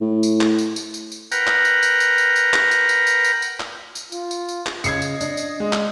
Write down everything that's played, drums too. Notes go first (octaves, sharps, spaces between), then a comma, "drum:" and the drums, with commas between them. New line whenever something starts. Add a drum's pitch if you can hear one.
A2
drum: tambourine
drum: clap
drum: tambourine
drum: tambourine
drum: tambourine
drum: tambourine
A#4 B4 F#5 G5 A#5, drum: tambourine
drum: clap
drum: tambourine
drum: tambourine
drum: tambourine
drum: tambourine
drum: tambourine
drum: clap
drum: tambourine
drum: tambourine
drum: tambourine
drum: tambourine
drum: tambourine
drum: clap
drum: tambourine
F4, drum: tambourine
drum: tambourine
drum: tambourine
drum: clap
C#3 D#5 G#6 C7 C#7, drum: tambourine
drum: tambourine
D4, drum: tambourine
drum: tambourine
G#3
drum: clap